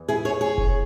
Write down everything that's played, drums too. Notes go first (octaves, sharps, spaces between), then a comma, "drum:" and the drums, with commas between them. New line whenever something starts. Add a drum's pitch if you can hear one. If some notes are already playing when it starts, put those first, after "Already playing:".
Already playing: E2 E3
E4 G#4
G#4 C#5
G#4 C#5
drum: kick F1